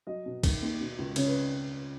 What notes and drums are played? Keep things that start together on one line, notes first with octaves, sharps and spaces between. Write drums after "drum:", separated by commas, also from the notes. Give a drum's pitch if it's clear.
F#3 D#5
B2
D#3, drum: kick, cymbal
D#2
B2
C#2
C#3 C#5, drum: cymbal
B4